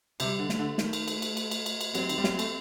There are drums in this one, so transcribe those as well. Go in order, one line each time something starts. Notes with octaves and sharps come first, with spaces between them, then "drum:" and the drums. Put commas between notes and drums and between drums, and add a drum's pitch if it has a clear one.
C3 G3, drum: cymbal
D3
A3, drum: snare
D3
D#3 A3, drum: snare
drum: cymbal
drum: cymbal
drum: cymbal
drum: cymbal
drum: cymbal
drum: cymbal
drum: cymbal
F#3 C4, drum: cymbal
D#3, drum: cymbal
G3
F#3, drum: snare
A3, drum: cymbal